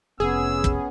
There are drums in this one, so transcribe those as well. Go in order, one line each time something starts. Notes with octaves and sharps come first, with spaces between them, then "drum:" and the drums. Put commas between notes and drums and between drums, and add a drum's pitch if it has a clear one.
F1 B3 C#4 G#4 E6
drum: kick